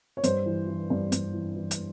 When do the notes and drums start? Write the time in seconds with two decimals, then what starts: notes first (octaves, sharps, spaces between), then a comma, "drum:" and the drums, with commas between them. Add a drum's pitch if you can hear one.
0.17 C#5
0.24 G2 C5, drum: hi-hat
0.46 E3
0.67 E3
0.90 G2
1.12 G2, drum: hi-hat
1.33 E3
1.56 E3
1.71 drum: hi-hat